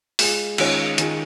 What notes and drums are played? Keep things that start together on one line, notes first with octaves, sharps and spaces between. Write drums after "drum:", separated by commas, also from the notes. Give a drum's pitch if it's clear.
G#3 F4 G#4, drum: open hi-hat
D#3 G#3 C#4 F4, drum: cymbal
D#3 G#3 F4 G#4, drum: hi-hat